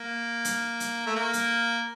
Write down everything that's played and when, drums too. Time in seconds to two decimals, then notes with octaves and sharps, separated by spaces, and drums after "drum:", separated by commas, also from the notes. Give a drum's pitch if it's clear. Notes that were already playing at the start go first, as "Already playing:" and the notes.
Already playing: A#3
0.45 drum: hi-hat
0.80 drum: hi-hat
1.07 A3
1.16 A#3
1.33 drum: hi-hat